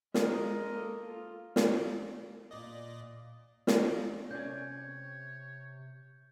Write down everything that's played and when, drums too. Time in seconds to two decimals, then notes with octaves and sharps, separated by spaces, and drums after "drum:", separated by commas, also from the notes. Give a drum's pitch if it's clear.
0.14 G#3 A#4 D#5, drum: snare
0.70 A#3 A4
1.09 F4
1.56 drum: snare
2.51 A#2 D5 D#5
3.67 D#5, drum: snare
4.31 C3 C#4 C#5 D5 G#5 G6